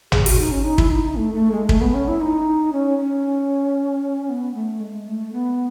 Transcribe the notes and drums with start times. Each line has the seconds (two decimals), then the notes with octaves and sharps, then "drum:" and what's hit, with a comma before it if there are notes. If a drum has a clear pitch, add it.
0.12 G#4, drum: tom
0.26 F#4, drum: open hi-hat
0.39 D#4
0.51 C#4
0.64 D#4
0.78 E4, drum: kick
0.91 D#4
1.04 D#4
1.16 A3
1.34 A3
1.52 G#3
1.69 A3, drum: kick
1.81 B3
1.94 C#4
2.08 E4
2.21 D#4
2.73 C#4
2.98 C#4
4.29 B3
4.54 A3
4.80 G#3
5.07 A3
5.32 B3